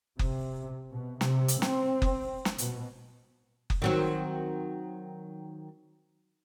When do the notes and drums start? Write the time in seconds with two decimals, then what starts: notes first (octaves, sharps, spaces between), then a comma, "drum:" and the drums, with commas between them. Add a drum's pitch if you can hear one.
0.19 C3, drum: kick F#1
0.91 B2
1.21 C3, drum: snare
1.48 drum: hi-hat
1.62 C4, drum: snare
2.02 drum: kick F#1
2.45 drum: snare
2.58 B2, drum: hi-hat
3.70 drum: kick F#1
3.82 D#3 F#3 C4